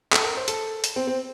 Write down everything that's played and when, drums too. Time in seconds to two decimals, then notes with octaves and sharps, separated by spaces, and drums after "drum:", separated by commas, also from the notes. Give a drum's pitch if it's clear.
0.13 A4, drum: clap
0.24 A#4
0.37 C5
0.48 A4, drum: hi-hat
0.84 drum: hi-hat
0.96 C4
1.07 C4